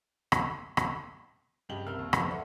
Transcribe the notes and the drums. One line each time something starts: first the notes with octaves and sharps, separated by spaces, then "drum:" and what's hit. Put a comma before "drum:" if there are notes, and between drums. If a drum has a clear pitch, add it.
drum: rim click
drum: rim click
G2 C#3 G4 D#5 F#7 G7
C2 A#4 E6 F6
D#2
F#2 F3 G#3 B3, drum: rim click
A4 D5 E5 F#5